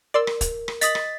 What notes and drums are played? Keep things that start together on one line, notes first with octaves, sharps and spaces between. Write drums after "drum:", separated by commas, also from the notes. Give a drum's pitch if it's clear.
A#4 D5 C6 E6
drum: rim click
drum: kick, hi-hat
drum: rim click
D#5 D#6 A6 B6 F#7, drum: hi-hat
drum: rim click